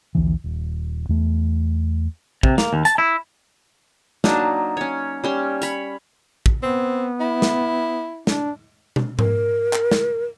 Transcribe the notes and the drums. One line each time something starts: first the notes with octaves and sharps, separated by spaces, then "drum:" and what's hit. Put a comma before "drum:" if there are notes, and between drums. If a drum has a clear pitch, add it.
A#1 D#2 D3 E3
D#1
E2 A3
C3, drum: kick
A#3, drum: snare
D#2
A5, drum: hi-hat
E4
F#3 A#3 D4 D#4, drum: snare
C#4 C#5
G3 C#4 C6
C#5 B5, drum: hi-hat
drum: kick
B3 C4
E4
drum: snare
D4, drum: snare
drum: tom
A#4, drum: tom G#2
drum: clap
drum: snare